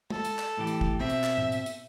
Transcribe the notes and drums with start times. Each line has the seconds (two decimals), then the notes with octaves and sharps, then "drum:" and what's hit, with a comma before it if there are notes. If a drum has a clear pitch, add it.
0.10 A4, drum: tom
0.25 drum: hi-hat
0.39 drum: clap
0.57 A2 E3 G4
0.67 drum: hi-hat
0.81 drum: kick
1.00 B2 C4 E5
1.10 drum: hi-hat
1.24 drum: clap
1.38 drum: tom
1.52 drum: hi-hat
1.66 drum: hi-hat